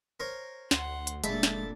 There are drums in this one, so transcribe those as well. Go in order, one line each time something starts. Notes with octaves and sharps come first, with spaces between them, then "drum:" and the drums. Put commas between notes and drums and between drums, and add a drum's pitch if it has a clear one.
A#4 C5 C#5
D2 F#5 C6, drum: snare
drum: hi-hat
F1 A#2 G#3 A3 D4 E4 E5 A6, drum: hi-hat
drum: snare